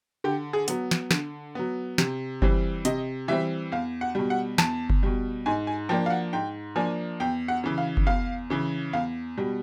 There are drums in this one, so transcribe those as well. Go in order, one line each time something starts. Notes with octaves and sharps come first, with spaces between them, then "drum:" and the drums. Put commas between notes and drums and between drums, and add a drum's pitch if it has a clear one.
D3 G4
G#4
F#3 B3, drum: hi-hat
drum: snare
D3, drum: snare
F#3 B3
C3, drum: snare
E3 G3 C4, drum: kick F#1
C3 D#5, drum: hi-hat
E3 G3 C4 E5
E2 F5
F#5
B2 G3
F#5
E2 A5, drum: snare
drum: kick F#1
B2 G3
G#2 G#5
G#5
F3 A#3 D4 G5
F5
F#5
G#2 G5
F3 A#3 D4 G#5
E2 G5
F#5
C#3 E3
F5
drum: kick F#1
E2 F5
C#3 E3
E2 F5
B2 G3